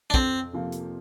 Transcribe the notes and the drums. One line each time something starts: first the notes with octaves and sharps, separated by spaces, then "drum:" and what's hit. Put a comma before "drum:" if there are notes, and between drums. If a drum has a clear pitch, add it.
D4
F2 C4, drum: kick
C3 F3 A#3
drum: hi-hat